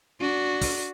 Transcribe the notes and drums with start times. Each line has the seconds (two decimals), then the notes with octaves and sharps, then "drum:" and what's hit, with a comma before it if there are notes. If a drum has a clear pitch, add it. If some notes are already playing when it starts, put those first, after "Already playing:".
0.21 D4 F#4
0.62 drum: kick, open hi-hat